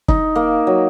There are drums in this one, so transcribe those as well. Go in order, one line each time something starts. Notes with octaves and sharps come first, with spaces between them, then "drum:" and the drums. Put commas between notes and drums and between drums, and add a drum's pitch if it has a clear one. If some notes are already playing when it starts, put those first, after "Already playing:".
D#4, drum: kick
A#3
F#3